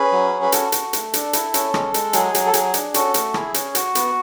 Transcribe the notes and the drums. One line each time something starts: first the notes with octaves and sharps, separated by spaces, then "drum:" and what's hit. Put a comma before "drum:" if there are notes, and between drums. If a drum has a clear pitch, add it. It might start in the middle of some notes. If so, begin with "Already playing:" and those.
Already playing: C#4 G#4 B4
F#3
C#4
B4
F#4 A4, drum: hi-hat
F#4, drum: hi-hat
A3, drum: hi-hat
D4, drum: hi-hat
E4, drum: hi-hat
C#4, drum: hi-hat
G#3, drum: rim click
G#3, drum: hi-hat
F#3 G#4, drum: hi-hat
F#3, drum: hi-hat
A4
F#3 G#4, drum: hi-hat
D4, drum: hi-hat
C#4 F#4 A4, drum: hi-hat
A3, drum: hi-hat
E4 G#4, drum: rim click
C#4, drum: hi-hat
F#4, drum: hi-hat
B3, drum: hi-hat